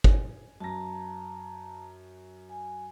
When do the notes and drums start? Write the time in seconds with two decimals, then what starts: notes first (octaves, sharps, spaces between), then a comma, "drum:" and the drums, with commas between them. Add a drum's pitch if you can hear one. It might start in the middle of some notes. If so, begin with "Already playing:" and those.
0.04 G#5, drum: kick
0.60 F#2 A5 A#5 A#6
2.49 G#5